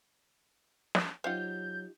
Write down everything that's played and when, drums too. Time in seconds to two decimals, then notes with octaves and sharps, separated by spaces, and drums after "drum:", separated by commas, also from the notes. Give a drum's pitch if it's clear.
0.95 drum: snare
1.24 F#3 D#4 F4 G4 C5 F5 F#5 G6